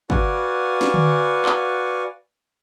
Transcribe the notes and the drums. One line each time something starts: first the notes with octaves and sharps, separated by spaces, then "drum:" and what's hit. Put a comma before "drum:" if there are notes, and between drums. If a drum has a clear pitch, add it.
F#4 B4 D5 F5 F#5 G#5, drum: kick
drum: snare
drum: tom D3
drum: clap